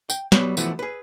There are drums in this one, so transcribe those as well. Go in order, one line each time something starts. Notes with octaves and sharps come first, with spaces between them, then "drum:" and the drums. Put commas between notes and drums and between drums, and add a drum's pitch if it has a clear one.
G5, drum: tambourine
F#3 G3 B3, drum: snare
E3 F3 A3 B3 E4 F#4, drum: tambourine
G#4 B4